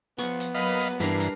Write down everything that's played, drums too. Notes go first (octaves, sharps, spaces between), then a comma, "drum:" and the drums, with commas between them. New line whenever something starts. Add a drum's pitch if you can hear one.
F3 B3 C#6, drum: hi-hat
drum: hi-hat
F#3 A#3 B4 D#5 F5 B5
drum: hi-hat
G2 E3 G3 D4 A#4 B4 A#5 C7, drum: hi-hat
drum: hi-hat